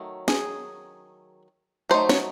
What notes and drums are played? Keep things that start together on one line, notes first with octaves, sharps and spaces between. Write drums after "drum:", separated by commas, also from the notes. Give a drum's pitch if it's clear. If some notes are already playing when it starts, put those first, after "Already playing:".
Already playing: D#3 F#3 A3
G#4, drum: snare
F#3 A3 D#4 C5
C#5, drum: snare